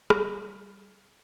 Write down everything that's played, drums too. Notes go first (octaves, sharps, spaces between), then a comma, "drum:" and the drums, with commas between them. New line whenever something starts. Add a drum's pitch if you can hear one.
G3, drum: rim click